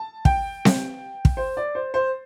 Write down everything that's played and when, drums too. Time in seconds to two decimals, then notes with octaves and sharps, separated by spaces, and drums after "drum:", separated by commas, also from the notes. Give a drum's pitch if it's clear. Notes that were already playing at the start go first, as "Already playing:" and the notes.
Already playing: A5
0.25 G5, drum: kick
0.65 drum: snare C4
1.25 drum: kick
1.37 C5
1.57 D5
1.75 C5
1.94 C5